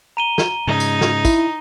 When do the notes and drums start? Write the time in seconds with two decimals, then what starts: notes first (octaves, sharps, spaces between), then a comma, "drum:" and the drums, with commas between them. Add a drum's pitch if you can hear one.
0.17 A#5 D#7 G7
0.38 drum: snare
0.67 G#2 C#3 D#4
0.80 drum: tambourine
1.01 drum: snare
1.25 E4, drum: kick, tambourine